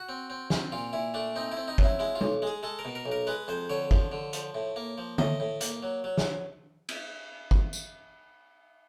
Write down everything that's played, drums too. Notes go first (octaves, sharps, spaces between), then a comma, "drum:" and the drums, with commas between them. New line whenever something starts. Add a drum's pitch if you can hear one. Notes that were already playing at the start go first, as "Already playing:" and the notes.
Already playing: F#4
C4
C4
C4, drum: snare
A#2 F4
A#2 E4
A3 D4
C4 D#4
E4
C4
D#4
F#3, drum: kick
E4
G#3 E4
F4
B1, drum: tom
G#3 G#4
G#3 A4
A#4
B2
A#4
B1
A#4
G#3 B4
F2 C5
D3 C#5
F3, drum: kick
D3
F3, drum: hi-hat
A2
A#3
F3
A2 D#5, drum: tom D3
A2
A#3, drum: hi-hat
F#3
F#3
drum: snare
drum: cymbal
drum: kick
drum: tambourine